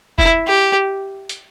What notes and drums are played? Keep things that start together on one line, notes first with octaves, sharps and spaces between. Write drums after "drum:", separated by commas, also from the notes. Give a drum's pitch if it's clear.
E4, drum: kick F1
G4
drum: hi-hat